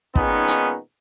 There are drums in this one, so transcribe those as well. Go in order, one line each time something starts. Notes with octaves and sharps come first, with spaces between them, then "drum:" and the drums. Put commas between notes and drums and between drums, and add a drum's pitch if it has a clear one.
A#2 D#3 G#3 B3 C#4 D#4, drum: kick
drum: hi-hat